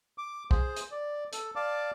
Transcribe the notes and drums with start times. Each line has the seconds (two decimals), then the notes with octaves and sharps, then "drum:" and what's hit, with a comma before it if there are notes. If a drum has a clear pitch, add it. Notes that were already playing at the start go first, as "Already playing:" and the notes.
0.18 D6
0.51 G#4 C5, drum: kick
0.76 drum: hi-hat
0.91 D5
1.33 A4, drum: hi-hat
1.56 D5 F5 A5 D6